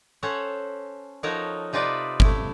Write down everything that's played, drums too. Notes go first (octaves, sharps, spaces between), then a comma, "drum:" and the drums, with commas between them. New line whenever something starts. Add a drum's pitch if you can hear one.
C#4 A4 C5 C#5 F#5
F3 D#4 F#4 A4 A#4 C#5
C3 D#4 F4 B4 D5 E5
A3 E4, drum: kick G1